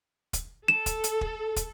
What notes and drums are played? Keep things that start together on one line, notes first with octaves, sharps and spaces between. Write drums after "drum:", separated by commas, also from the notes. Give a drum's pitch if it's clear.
drum: kick, hi-hat
A4 E7
drum: kick, hi-hat
drum: hi-hat
drum: kick
drum: kick, hi-hat